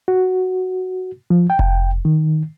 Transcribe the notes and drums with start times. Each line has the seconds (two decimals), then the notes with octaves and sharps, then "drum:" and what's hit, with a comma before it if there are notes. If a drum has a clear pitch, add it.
0.08 F#4
1.30 F3
1.50 G5
1.59 drum: kick F1
2.05 D#3